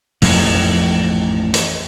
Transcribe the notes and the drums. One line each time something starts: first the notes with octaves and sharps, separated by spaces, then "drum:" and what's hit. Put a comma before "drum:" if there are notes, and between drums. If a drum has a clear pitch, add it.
A1 F2 G#2 F3, drum: open hi-hat
drum: hi-hat